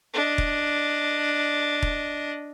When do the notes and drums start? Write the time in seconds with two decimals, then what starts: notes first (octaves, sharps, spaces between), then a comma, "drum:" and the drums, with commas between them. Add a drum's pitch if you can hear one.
0.14 D4 D#5
0.38 drum: kick E1
1.82 drum: kick E1